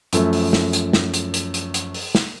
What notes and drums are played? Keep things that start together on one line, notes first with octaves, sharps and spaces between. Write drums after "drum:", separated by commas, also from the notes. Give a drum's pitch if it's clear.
F#2 F3 A3, drum: hi-hat
drum: open hi-hat
drum: snare
drum: hi-hat
drum: snare
drum: hi-hat
drum: hi-hat
drum: hi-hat
drum: hi-hat
drum: open hi-hat
drum: snare